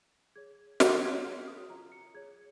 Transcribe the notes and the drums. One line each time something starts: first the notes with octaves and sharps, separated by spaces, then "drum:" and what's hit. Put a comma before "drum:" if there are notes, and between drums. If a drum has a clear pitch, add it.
G#4 C#5 G#6
F4 A#6, drum: snare
G#6
G#4 C#5 F6
D#6
F4 A#5
C#7
G#4 C#5 G#6